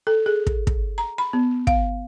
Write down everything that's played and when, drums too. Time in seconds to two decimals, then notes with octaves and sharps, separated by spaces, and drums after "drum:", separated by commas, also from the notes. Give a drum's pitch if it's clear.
0.07 A4
0.26 G#4
0.47 drum: kick
0.67 drum: kick
0.98 A#5
1.18 B5
1.33 B3
1.67 F5, drum: kick